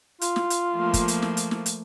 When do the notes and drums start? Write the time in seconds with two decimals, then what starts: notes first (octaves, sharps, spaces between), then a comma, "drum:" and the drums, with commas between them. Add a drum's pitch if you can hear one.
0.21 F4, drum: hi-hat
0.36 drum: snare
0.50 drum: hi-hat
0.73 F3 A3 A#3
0.94 drum: kick, hi-hat
1.08 drum: hi-hat
1.22 drum: snare
1.37 drum: hi-hat
1.51 drum: snare
1.66 drum: hi-hat